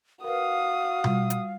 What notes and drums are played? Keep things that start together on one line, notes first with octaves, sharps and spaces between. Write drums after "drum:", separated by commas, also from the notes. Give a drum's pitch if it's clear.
F#4 A#4 B4 F5 D#6
G3 F4, drum: tom B2
drum: hi-hat